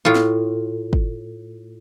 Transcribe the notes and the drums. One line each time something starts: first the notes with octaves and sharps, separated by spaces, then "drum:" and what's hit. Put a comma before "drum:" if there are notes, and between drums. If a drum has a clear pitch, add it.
A2 F4
drum: snare
drum: kick